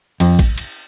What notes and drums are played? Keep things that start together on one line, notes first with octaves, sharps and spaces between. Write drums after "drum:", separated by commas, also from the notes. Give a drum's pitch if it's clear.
F2, drum: cymbal
drum: kick, cymbal
drum: cymbal